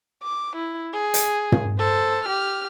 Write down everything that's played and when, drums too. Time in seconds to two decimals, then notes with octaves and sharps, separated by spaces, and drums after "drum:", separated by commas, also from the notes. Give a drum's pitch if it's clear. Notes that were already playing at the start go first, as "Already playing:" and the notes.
0.23 D6
0.55 E4
0.93 G#4
1.14 drum: hi-hat
1.52 drum: tom
1.79 A4 C5
2.24 G4 F6